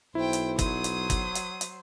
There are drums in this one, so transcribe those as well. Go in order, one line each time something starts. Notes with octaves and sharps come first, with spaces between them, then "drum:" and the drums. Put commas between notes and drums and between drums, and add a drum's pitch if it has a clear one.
B1 E4 C5 G5
drum: hi-hat
F#3 C5 D#6, drum: kick G1, hi-hat
drum: hi-hat
drum: kick G1, hi-hat
drum: hi-hat
drum: hi-hat